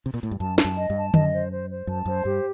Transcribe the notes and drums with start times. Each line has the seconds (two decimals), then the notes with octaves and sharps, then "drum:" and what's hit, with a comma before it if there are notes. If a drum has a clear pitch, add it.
0.06 C3
0.14 A#2
0.23 A2
0.31 G2
0.40 F#2 A5
0.58 A5, drum: snare
0.65 F#2
0.77 D#5
0.90 G2
0.95 A5
1.14 F#2 D#5, drum: tom D3
1.33 C5
1.51 C5
1.70 C5
1.87 F#2 A5
2.06 F#2 C5
2.24 G2 G4